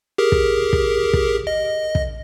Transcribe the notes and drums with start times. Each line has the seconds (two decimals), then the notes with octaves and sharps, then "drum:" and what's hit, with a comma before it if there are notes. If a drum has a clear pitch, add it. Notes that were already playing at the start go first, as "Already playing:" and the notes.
0.18 G4 G#4 A#4
0.32 drum: kick
0.73 drum: kick
1.13 drum: kick
1.47 D#5
1.95 drum: kick